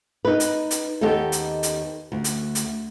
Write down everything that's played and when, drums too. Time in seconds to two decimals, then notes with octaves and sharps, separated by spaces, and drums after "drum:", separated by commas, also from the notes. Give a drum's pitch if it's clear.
0.25 D#4 B4
0.40 drum: hi-hat
0.71 drum: hi-hat
1.01 D#2 B3 D#4 G4 A4
1.32 drum: hi-hat
1.63 drum: hi-hat
2.12 D2
2.24 drum: hi-hat
2.55 drum: hi-hat